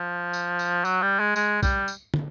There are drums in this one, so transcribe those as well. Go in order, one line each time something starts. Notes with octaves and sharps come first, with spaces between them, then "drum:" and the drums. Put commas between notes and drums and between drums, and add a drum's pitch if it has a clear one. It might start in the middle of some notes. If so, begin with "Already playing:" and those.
Already playing: F3
drum: tambourine
drum: tambourine
F#3, drum: tambourine
G3
G#3
G#3, drum: tambourine
G3, drum: kick, tambourine
drum: tambourine
drum: tom